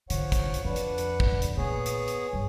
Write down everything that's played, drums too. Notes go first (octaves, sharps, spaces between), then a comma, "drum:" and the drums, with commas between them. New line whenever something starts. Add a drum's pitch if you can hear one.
D3 F3 C#5 F#5, drum: hi-hat
drum: kick, hi-hat
drum: hi-hat
F2 D4 B4 F#5
drum: hi-hat
drum: hi-hat
drum: kick
drum: hi-hat
A#2 B3 G#4 C#5
drum: hi-hat
drum: hi-hat
G2